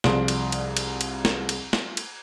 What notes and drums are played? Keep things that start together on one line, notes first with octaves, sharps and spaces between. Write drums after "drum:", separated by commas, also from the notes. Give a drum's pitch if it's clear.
C2 F3 G#4 D5 C6 D7, drum: snare
drum: cymbal
drum: cymbal
drum: cymbal
drum: cymbal
drum: snare
drum: cymbal
drum: snare
drum: cymbal